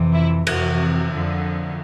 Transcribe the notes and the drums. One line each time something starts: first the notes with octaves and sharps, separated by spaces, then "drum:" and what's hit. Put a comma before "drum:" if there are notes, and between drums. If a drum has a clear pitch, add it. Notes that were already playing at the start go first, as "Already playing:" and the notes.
Already playing: F2 C3 E3
E4
F2 C3 E3 F#4, drum: cymbal
F2 D3 F3